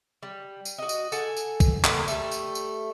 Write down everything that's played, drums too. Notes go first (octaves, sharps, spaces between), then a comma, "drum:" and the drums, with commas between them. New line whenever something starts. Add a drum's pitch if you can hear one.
G3
drum: tambourine
F#4 D#5
drum: tambourine
A4 F#5 G#5, drum: tambourine
drum: tambourine
drum: kick, tambourine
D3 A#3 B3, drum: clap
G3 A3, drum: tambourine
drum: tambourine
drum: tambourine